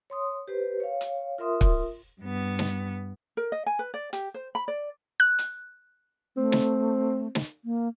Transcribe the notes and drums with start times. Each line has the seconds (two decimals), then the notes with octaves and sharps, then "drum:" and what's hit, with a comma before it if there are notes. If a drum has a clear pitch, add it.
0.10 C#5 C6 D#6
0.48 G4 B4 C5
0.80 C#5 F5
1.01 drum: hi-hat
1.38 F4 A#4 E5 C6 D#6
1.61 drum: kick
2.21 G2 B3
2.59 drum: snare
3.37 A#4
3.52 D#5
3.66 G#5
3.79 B4
3.94 D5
4.13 G4, drum: hi-hat
4.34 C5
4.55 B5
4.68 D5
5.20 F#6
5.39 drum: hi-hat
6.37 A3 C4
6.52 drum: snare
7.35 drum: snare
7.65 A#3